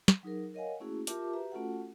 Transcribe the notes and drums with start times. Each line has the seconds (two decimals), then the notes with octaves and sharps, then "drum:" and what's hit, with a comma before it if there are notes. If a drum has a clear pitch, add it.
0.08 drum: snare
0.23 F#3 D#4 G#4 A#4
0.54 A#4 C#5 D#5 F5 F#5 G#5
0.80 A3 A#3 C#4 E4 F#4 G#4
1.07 F4 G4 A#4 E5 A5 D6, drum: hi-hat
1.33 F#4 G4 B4 E5 A#5
1.52 A3 C#4 F4 F#4 A4 F#5